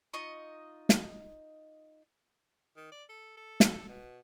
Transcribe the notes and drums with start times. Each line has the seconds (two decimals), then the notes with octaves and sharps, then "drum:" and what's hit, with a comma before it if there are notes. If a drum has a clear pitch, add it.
0.14 D#4 F4 D#5 C#6
0.89 drum: snare
2.77 D#3
2.92 D5
3.09 A4
3.37 A4
3.60 drum: snare
3.88 B2